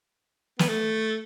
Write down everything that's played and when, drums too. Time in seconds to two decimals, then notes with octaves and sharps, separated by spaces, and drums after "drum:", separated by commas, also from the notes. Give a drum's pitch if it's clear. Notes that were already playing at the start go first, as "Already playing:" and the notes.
0.59 B3, drum: snare
0.69 A3